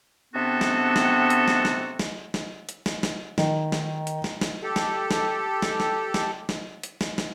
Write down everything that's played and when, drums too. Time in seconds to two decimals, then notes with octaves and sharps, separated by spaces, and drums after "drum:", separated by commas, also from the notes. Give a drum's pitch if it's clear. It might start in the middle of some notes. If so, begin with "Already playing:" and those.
0.34 C3 B3 C4 D4 F#4 A4
0.61 drum: snare
0.96 drum: snare
1.30 drum: hi-hat
1.48 drum: snare
1.65 drum: snare
1.99 drum: snare
2.34 drum: snare
2.69 drum: hi-hat
2.86 drum: snare
3.03 drum: snare
3.38 D#3, drum: snare
3.72 drum: snare
4.07 drum: hi-hat
4.24 drum: snare
4.41 drum: snare
4.63 G4 A4
4.76 drum: snare
5.11 drum: snare
5.62 drum: snare
5.80 drum: snare
6.14 drum: snare
6.49 drum: snare
6.83 drum: hi-hat
7.01 drum: snare
7.18 drum: snare